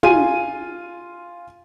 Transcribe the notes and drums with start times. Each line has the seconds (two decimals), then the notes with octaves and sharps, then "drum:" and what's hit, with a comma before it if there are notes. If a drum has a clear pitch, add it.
0.03 F4 G#5 D#7, drum: tom